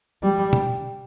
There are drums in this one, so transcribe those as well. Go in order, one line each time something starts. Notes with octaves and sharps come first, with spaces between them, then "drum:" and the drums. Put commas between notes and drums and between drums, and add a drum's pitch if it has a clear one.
G3
drum: tom B2